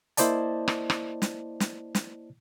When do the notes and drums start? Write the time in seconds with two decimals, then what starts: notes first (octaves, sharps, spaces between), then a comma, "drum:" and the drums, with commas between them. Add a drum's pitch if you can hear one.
0.17 A#3 E4 C5 D5 D#5 A5, drum: hi-hat
0.68 drum: rim click
0.90 drum: rim click
1.22 drum: snare
1.60 drum: snare
1.95 drum: snare